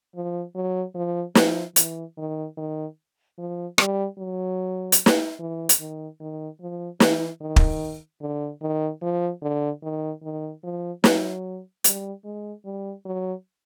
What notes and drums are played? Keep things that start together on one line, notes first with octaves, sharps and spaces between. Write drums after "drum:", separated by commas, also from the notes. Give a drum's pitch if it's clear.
F3
F#3
F3
F3, drum: snare
E3, drum: hi-hat
D#3
D#3
F3
G3, drum: rim click
F#3
drum: hi-hat
drum: snare
E3
drum: hi-hat
D#3
D#3
F3
E3, drum: snare
D#3
drum: kick
D3
D#3
F3
D3
D#3
D#3
F3
F#3, drum: snare
G3, drum: hi-hat
G#3
G3
F#3